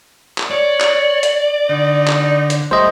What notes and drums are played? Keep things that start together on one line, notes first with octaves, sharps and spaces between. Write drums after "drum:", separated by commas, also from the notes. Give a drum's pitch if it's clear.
drum: clap
C#5 D5
drum: clap
drum: hi-hat
D3 D#4
drum: clap
drum: hi-hat
G3 A3 E4 C5 D#5